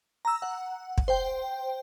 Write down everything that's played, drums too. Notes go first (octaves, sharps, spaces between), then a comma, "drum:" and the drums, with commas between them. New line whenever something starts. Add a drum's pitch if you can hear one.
A#5 E6
F#5
drum: kick
C5 G5